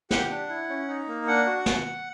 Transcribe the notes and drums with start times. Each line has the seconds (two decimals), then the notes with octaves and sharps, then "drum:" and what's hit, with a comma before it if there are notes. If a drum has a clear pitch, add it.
0.11 G4 F#5, drum: snare
0.30 D4
0.49 E4
0.69 C#4
0.88 D#4
1.07 A#3
1.27 D4 F#5
1.46 F#4
1.66 drum: snare